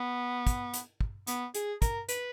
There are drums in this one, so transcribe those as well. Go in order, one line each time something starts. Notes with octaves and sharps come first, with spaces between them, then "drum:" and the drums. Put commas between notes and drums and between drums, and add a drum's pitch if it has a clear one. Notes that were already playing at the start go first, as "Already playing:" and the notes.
Already playing: B3
drum: kick, hi-hat
drum: hi-hat
drum: kick
B3, drum: hi-hat
G#4, drum: hi-hat
A#4, drum: kick, hi-hat
B4, drum: hi-hat